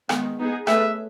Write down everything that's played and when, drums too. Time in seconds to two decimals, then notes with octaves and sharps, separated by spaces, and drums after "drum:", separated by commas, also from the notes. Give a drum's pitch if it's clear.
0.09 D#3 G#3 B3, drum: rim click
0.39 B3 D#4 G#4
0.67 A3 C#4 G#4 B4 E5, drum: rim click